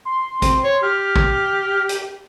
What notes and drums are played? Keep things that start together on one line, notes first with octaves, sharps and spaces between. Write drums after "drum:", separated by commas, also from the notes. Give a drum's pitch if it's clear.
C6
C4, drum: kick, hi-hat
C#5
G4 F6
drum: kick
drum: hi-hat